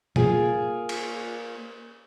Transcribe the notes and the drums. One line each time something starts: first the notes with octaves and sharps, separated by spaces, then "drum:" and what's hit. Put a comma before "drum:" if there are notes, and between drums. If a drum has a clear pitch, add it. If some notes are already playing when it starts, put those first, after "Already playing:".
A#3 F4 G#4, drum: tom A#2
drum: cymbal